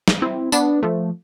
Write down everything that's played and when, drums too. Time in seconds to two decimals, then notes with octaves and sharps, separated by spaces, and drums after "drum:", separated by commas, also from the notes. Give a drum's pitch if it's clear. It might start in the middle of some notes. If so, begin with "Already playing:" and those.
0.08 drum: snare
0.22 C4 E4
0.52 B3 D4, drum: tambourine
0.83 F3 A3